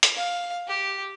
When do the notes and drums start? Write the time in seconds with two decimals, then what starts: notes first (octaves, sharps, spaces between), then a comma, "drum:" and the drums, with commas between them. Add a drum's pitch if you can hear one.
0.03 drum: hi-hat
0.16 F5
0.68 G4